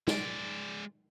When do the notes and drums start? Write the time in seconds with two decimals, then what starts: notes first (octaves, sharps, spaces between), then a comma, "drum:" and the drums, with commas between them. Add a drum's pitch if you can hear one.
0.07 G#3 D5, drum: snare